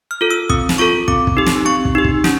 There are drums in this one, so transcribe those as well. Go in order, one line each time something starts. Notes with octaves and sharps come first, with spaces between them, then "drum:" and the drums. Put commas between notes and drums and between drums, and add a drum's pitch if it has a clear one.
F6
F4 A4
E6
C4 D#6, drum: kick
drum: snare
F4 A4 C#6
C4 D6, drum: kick
drum: kick
D#4 G4
drum: snare
C4 C#6
drum: kick
D#4 G4
drum: kick
C#4, drum: snare